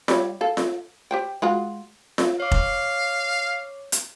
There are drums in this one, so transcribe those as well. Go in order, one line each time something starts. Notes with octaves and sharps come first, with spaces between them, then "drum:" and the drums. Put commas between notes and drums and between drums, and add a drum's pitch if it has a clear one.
G3 C#5, drum: snare F4
A4 F5
drum: snare F4
G4 C5 G5
G#3 F4 F#4
drum: snare F4
C#5 F5 D6
drum: kick F1
drum: hi-hat